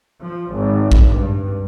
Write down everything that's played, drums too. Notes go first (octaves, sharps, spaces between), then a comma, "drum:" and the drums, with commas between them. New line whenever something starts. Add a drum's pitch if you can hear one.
F3
G#1
drum: kick A1
G2